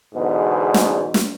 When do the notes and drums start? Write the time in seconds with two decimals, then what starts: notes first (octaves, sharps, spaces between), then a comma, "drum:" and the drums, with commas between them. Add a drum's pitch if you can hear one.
0.14 E2 G#2 B2 D3
0.74 drum: snare
1.14 drum: snare